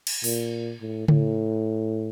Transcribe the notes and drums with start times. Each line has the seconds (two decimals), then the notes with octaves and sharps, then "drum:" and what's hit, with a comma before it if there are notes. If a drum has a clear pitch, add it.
0.07 drum: cymbal
0.24 A#2, drum: open hi-hat
0.81 A2
1.08 A2, drum: tom C#3